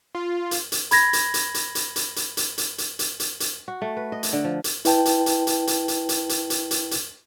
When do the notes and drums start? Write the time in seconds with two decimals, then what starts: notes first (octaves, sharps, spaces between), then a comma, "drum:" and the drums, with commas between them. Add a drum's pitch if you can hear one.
0.15 F4
0.51 drum: hi-hat
0.72 drum: hi-hat
0.91 B5 G#6 A#6, drum: hi-hat
1.13 drum: hi-hat
1.34 drum: hi-hat
1.54 drum: hi-hat
1.75 drum: hi-hat
1.96 drum: hi-hat
2.16 drum: hi-hat
2.37 drum: hi-hat
2.58 drum: hi-hat
2.78 drum: hi-hat
2.99 drum: hi-hat
3.20 drum: hi-hat
3.40 drum: hi-hat
3.68 F#4
3.82 A3
3.97 B4
4.12 D#5
4.23 drum: hi-hat
4.33 D3
4.45 F3
4.64 drum: hi-hat
4.85 E4 B4 G5 A5, drum: hi-hat
5.05 drum: hi-hat
5.26 drum: hi-hat
5.47 drum: hi-hat
5.67 drum: hi-hat
5.88 drum: hi-hat
6.09 drum: hi-hat
6.29 drum: hi-hat
6.50 drum: hi-hat
6.71 drum: hi-hat
6.91 drum: hi-hat